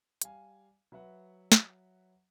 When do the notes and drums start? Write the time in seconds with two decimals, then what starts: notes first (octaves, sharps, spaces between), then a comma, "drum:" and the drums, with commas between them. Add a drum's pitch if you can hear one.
0.22 G3 F5 G#5, drum: hi-hat
0.92 F#3 B4 E5 F#5
1.52 drum: snare